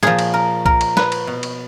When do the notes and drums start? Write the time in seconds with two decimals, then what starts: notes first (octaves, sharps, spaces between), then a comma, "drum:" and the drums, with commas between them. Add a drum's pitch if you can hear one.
0.03 A#2 F3 G#4, drum: snare
0.19 drum: cymbal
0.34 A#4
0.66 A#4, drum: kick B1
0.81 drum: cymbal
0.97 B4, drum: snare
1.12 drum: cymbal
1.27 B2
1.43 drum: cymbal